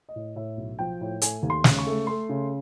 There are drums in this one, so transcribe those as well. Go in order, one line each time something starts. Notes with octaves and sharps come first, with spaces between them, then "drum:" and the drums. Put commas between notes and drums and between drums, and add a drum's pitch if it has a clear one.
D#5
A2
A2 E5
B1
F3 G5
A2
A3 G#5, drum: hi-hat
D#2
C6
C#3, drum: snare
C#6
A3
A3 C6
C#3